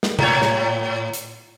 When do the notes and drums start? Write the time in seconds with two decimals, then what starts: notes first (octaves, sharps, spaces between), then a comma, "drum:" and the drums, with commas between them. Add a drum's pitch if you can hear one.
0.03 drum: snare
0.19 A2 C#5, drum: tom C3
0.42 drum: snare
1.13 drum: hi-hat